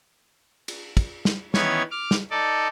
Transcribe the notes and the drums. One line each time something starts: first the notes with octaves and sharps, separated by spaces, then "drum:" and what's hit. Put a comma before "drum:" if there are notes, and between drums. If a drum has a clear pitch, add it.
drum: cymbal
drum: kick, cymbal
drum: snare
D#3 E3 B3 C#4 C#5 G#6, drum: snare
D6 F6
drum: snare
D#4 A4 D5